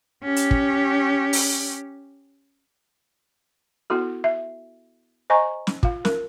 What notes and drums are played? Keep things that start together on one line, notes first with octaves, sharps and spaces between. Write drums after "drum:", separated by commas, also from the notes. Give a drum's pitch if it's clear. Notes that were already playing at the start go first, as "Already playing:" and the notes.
C#4 G4
drum: hi-hat
drum: kick
drum: open hi-hat
B3 E4 F#4 A4
E5
C5 D#5 G#5 A#5 C#6
drum: snare
F4 F5, drum: kick
A#4, drum: snare